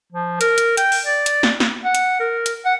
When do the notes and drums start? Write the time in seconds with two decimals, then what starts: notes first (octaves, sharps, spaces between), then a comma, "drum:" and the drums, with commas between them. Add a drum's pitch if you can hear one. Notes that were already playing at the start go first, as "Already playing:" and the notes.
0.13 F3
0.41 A#4, drum: hi-hat
0.58 drum: hi-hat
0.77 G5, drum: hi-hat
0.92 drum: open hi-hat
1.05 D5
1.26 drum: hi-hat
1.43 drum: snare
1.60 drum: snare
1.85 F#5
1.95 drum: hi-hat
2.20 A#4
2.46 drum: hi-hat
2.65 F#5